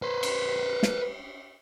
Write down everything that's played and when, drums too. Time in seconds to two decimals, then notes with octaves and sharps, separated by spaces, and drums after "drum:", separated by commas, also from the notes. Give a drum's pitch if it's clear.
0.02 B4 C5
0.23 drum: cymbal
0.83 drum: snare